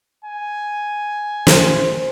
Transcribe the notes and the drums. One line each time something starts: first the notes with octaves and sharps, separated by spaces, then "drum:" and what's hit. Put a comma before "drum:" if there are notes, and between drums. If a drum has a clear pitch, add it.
G#5
C5, drum: snare